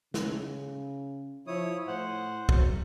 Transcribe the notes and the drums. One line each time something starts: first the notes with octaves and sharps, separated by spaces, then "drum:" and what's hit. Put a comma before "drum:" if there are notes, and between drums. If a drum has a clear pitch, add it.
C#3, drum: snare
F3 E4 C#5 D#6
A2 C5 F#5
F#3, drum: kick